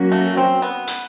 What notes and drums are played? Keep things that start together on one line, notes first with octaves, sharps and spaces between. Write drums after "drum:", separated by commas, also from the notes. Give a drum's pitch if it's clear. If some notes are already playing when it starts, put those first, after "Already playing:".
Already playing: F#3 A#3 C#4 F#4
A3
C4
B3
drum: hi-hat